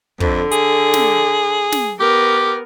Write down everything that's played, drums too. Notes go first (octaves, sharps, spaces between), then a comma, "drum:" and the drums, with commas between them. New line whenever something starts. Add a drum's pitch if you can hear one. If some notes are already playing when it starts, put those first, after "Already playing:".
F2 D3, drum: kick
G#4, drum: hi-hat
drum: snare
drum: snare
B3 G4 A#4